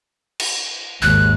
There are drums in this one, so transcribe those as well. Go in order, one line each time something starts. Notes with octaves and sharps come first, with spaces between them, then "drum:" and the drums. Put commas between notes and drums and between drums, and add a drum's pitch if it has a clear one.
drum: cymbal
G#1 D#2 G#2 F#6